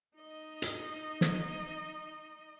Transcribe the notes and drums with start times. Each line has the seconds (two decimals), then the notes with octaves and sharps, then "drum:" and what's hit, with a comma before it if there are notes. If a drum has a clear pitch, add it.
0.18 D#4 D#5
0.62 drum: hi-hat
1.21 drum: snare